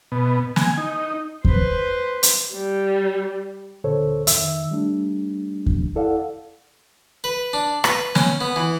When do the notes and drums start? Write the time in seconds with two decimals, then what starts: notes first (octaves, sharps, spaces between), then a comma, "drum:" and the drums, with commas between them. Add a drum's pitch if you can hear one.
0.12 B2
0.56 G#5, drum: snare
0.77 D#4
1.45 B4 C5, drum: kick E2
2.23 drum: hi-hat
2.54 G3
3.84 D2 A#2 D3 A4 C5 C#5
4.27 F2 D#3 E5 E6, drum: hi-hat
4.71 G3 A3 D4
5.66 drum: kick E2
5.96 E4 A4 D5 F5 F#5
7.24 B4
7.53 D4
7.84 B4, drum: rim click
8.15 C#4, drum: snare
8.41 B3
8.56 E3